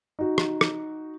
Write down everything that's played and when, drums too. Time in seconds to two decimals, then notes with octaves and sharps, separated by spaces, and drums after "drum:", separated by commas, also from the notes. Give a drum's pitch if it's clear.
0.19 D#4 F#4
0.38 drum: rim click
0.61 drum: rim click